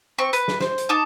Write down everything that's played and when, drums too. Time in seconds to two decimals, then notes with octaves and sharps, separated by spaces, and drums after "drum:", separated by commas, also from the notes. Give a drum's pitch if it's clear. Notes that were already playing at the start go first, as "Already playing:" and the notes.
0.19 C4 C#6
0.33 B4, drum: hi-hat
0.48 drum: snare
0.60 C5, drum: snare
0.78 drum: hi-hat
0.89 D#4 A5 D6